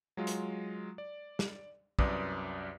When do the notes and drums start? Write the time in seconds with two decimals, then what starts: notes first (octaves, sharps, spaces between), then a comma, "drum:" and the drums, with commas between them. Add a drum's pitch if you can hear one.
0.17 F#3 G#3 F4
0.27 drum: hi-hat
0.98 D5
1.39 drum: snare
1.99 C2 F#2 B4 D5 D6 D#6, drum: kick